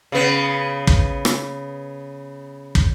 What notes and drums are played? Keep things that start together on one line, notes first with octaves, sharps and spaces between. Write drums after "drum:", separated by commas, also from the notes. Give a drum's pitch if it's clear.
C#3 B3
drum: kick
drum: rim click
drum: kick